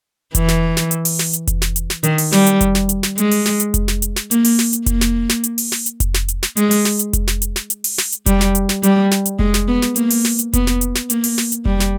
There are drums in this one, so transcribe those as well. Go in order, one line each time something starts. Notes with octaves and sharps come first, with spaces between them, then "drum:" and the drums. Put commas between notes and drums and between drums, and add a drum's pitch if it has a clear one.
E3, drum: kick F1, hi-hat
drum: snare
drum: snare
drum: hi-hat
drum: open hi-hat
drum: snare
drum: hi-hat
drum: kick F1, hi-hat
drum: snare
drum: hi-hat
drum: snare
D#3, drum: hi-hat
drum: open hi-hat
G3, drum: snare
drum: hi-hat
drum: kick F1, hi-hat
drum: snare
drum: hi-hat
drum: snare
G#3, drum: hi-hat
drum: open hi-hat
drum: snare
drum: hi-hat
drum: kick F1, hi-hat
drum: snare
drum: hi-hat
drum: snare
A#3, drum: hi-hat
drum: open hi-hat
drum: snare
drum: hi-hat
A#3, drum: kick F1, hi-hat
drum: snare
drum: snare
drum: hi-hat
drum: open hi-hat
drum: snare
drum: hi-hat
drum: kick F1, hi-hat
drum: snare
drum: hi-hat
drum: snare
G#3, drum: hi-hat
drum: open hi-hat
drum: snare
drum: hi-hat
drum: kick F1, hi-hat
drum: snare
drum: hi-hat
drum: snare
drum: hi-hat
drum: open hi-hat
drum: snare
drum: hi-hat
G3, drum: kick F1, hi-hat
drum: snare
drum: hi-hat
drum: snare
G3, drum: hi-hat
drum: snare
drum: hi-hat
G#3, drum: kick F1
drum: snare
B3
drum: snare
A#3, drum: hi-hat
drum: open hi-hat
drum: snare
drum: hi-hat
B3, drum: kick F1, hi-hat
drum: snare
drum: hi-hat
drum: snare
A#3, drum: hi-hat
drum: open hi-hat
drum: snare
drum: hi-hat
G3, drum: kick F1
drum: snare